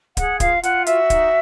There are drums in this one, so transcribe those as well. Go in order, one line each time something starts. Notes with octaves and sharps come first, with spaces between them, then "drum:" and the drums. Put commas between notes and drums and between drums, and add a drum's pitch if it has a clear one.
G#4 F#5, drum: kick D1, hi-hat
F4 F5, drum: kick D1, hi-hat
F4 F#5, drum: hi-hat
F#4 E5, drum: hi-hat
D#4, drum: kick D1, hi-hat